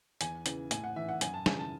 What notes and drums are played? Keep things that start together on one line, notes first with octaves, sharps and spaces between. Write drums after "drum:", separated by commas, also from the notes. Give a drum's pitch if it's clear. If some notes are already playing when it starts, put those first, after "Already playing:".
E2 G#5, drum: hi-hat
C#3 E3, drum: hi-hat
A2 G#5, drum: hi-hat
F#5
E3 E5
F#5
F#2 G#5, drum: hi-hat
A5
C#3 E3 G#5, drum: snare
A5